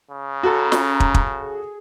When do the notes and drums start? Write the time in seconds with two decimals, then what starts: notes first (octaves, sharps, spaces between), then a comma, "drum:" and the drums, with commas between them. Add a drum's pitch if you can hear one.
0.11 C#3
0.43 C#4 F#4 A4 A#5 B5
0.72 drum: snare
1.00 drum: kick
1.14 drum: kick
1.39 G#4